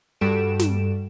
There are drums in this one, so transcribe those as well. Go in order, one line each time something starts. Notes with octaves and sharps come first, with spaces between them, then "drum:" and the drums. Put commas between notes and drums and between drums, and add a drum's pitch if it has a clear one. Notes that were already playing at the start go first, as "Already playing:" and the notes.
G2 G3 F#4 A4 D7 E7
drum: snare